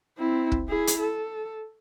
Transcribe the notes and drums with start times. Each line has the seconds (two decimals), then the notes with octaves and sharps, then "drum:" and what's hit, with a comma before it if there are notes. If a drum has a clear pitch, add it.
0.18 C4 E4
0.52 drum: kick
0.68 E4 G#4
0.87 drum: hi-hat
1.00 A4